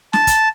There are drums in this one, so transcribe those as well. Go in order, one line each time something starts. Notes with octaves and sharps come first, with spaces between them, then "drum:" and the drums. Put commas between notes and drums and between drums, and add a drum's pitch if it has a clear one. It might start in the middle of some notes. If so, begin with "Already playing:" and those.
A5, drum: snare
drum: kick, hi-hat